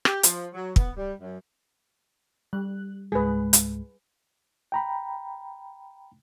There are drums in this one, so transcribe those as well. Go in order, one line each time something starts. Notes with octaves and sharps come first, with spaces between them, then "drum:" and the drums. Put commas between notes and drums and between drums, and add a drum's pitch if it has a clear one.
G4, drum: rim click
F3, drum: hi-hat
F#3
B3, drum: kick
G3
F#2
G3 F#6
C#2 G#2 G#3 G#4 B4
drum: hi-hat
G5 A#5 B5